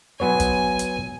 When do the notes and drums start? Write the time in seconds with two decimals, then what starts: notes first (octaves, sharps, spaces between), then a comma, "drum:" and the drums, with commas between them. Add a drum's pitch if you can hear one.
0.20 F#3 B3 C#5 G#5
0.40 drum: kick, hi-hat
0.79 drum: hi-hat